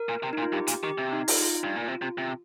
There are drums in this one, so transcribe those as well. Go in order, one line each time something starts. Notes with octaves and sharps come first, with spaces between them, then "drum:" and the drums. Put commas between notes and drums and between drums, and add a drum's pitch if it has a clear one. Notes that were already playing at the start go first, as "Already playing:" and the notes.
Already playing: A#4
A#2
C3
A#2 D#4
F4
G2 G4
A#2, drum: hi-hat
D#3 G4
C3
D#4
F4, drum: open hi-hat
D#4
F4
G2
A#2
C3
C3
C3